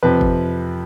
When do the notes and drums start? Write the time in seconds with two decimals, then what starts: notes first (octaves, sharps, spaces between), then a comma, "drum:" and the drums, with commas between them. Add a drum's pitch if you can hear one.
0.03 F2 C3 F3 B4
0.21 drum: kick G1